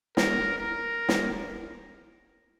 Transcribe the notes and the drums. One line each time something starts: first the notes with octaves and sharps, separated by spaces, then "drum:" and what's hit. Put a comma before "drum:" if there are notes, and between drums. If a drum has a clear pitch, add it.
A#4, drum: snare
A#4
drum: snare